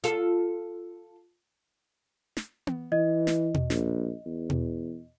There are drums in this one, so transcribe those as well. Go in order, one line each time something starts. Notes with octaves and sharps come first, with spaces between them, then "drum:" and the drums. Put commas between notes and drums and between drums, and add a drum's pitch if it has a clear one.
F4 A4, drum: hi-hat
drum: snare
drum: tom B3
E3 D#5
drum: snare
drum: tom
A#1, drum: snare
E2
drum: tom